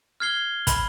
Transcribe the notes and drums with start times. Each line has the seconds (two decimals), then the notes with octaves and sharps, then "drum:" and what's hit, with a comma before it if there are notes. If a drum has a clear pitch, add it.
0.20 F6 G#6 C7 G7
0.67 B5, drum: kick, hi-hat